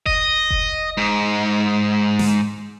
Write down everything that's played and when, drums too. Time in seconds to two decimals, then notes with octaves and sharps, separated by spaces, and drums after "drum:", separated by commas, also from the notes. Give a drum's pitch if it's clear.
0.06 D#5, drum: kick F1
0.50 drum: kick F1
0.97 G#2
2.19 drum: snare